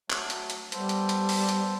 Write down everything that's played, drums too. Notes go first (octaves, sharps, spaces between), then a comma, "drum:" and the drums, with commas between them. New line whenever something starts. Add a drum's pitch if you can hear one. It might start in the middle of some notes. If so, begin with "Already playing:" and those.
F#3 A3, drum: clap
drum: hi-hat
drum: hi-hat
G3 B3 A4 C5, drum: hi-hat
drum: hi-hat
drum: hi-hat
drum: open hi-hat
drum: hi-hat